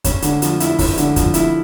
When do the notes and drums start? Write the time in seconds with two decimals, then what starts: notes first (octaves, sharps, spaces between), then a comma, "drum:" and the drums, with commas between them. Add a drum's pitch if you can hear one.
0.04 C#4, drum: kick, hi-hat
0.22 D3, drum: hi-hat
0.42 F3, drum: hi-hat
0.60 E4, drum: hi-hat
0.79 C#4, drum: kick, open hi-hat
0.97 D3, drum: hi-hat
1.16 F3, drum: kick, hi-hat
1.34 E4, drum: hi-hat